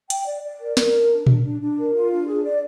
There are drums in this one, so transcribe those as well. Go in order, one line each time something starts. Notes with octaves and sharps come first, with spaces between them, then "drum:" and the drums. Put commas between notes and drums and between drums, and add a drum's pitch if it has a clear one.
G5, drum: hi-hat
D5
D5
A#4
A#4, drum: snare
D4
D4
D4, drum: tom A#2
D4
D4
A#4
F4
D4
G#4
D5